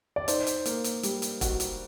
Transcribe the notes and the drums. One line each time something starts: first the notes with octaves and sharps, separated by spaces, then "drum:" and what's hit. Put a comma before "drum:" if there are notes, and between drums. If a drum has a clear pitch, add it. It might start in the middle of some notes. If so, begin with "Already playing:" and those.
D5
D#4 C5, drum: hi-hat
drum: hi-hat
A#3, drum: hi-hat
drum: hi-hat
G3, drum: hi-hat
drum: hi-hat
F#4, drum: kick E1, hi-hat
drum: hi-hat